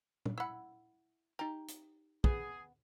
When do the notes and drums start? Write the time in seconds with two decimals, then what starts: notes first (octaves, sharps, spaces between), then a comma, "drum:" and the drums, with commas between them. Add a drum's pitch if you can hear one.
0.26 drum: tom
0.38 E4 F#5 B5 E6
1.39 D#4 G4 A#5
1.68 drum: hi-hat
2.24 B3 G#4, drum: kick